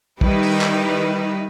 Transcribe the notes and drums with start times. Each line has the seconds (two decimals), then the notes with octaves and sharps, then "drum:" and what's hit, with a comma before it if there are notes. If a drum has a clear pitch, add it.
0.21 D#3 G3 D#4 E4 B4, drum: kick
0.43 drum: open hi-hat
0.61 drum: clap